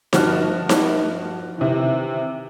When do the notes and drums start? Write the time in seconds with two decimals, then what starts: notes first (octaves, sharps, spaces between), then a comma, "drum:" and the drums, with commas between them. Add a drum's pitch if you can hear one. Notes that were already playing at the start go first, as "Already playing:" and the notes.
0.13 G2 F3 F#4 A5 F6, drum: snare D#4
0.69 drum: snare D#4
1.58 C3 D#3 E3